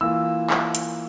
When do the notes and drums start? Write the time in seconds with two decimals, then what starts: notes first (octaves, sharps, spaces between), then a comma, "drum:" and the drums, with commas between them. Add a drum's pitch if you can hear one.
0.01 E3 A#3 F4 E6
0.50 drum: clap
0.75 drum: hi-hat